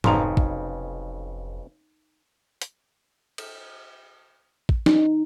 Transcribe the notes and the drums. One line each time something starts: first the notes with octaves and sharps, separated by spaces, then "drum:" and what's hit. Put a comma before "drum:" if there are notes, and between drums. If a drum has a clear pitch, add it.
F1 B1 F2 C#3 D#4 A#5 C6, drum: tom G#2
drum: kick
drum: hi-hat
drum: cymbal
drum: kick
D#4, drum: snare